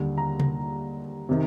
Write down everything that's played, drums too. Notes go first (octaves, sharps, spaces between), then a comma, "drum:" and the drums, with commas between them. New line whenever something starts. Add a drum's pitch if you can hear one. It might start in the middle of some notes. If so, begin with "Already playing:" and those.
Already playing: D#2 D3 G3
A#5
drum: tom C3
C3 D#3